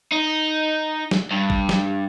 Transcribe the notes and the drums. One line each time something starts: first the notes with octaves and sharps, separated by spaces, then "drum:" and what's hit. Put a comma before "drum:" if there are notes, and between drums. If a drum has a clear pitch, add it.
D#4
drum: snare
G2
drum: kick G1
drum: snare